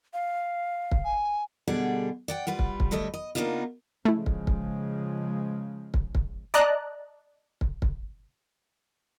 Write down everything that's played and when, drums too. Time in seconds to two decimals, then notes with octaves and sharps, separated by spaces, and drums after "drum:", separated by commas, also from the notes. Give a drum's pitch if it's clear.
0.13 F5
0.92 drum: kick
1.04 G#5
1.68 B2 D3 G3 D4 G#4 F#5
2.28 D5 F#5 G5
2.47 G3 F4 B4
2.59 drum: kick
2.80 drum: kick
2.91 D2 G3 A3 C#5 D#5
3.14 D#5
3.35 C#3 A#3 B3 D4 D#4 F4
4.05 C#3 F3 G#3 A3 E4
4.26 drum: kick
4.47 drum: kick
5.94 drum: kick
6.15 drum: kick
6.54 D5 D#5 A5 A#5 F#6
7.61 drum: kick
7.82 drum: kick